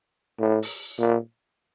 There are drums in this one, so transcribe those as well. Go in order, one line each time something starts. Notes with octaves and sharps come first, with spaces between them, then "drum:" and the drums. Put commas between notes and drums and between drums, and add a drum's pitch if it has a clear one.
A2
drum: open hi-hat
A#2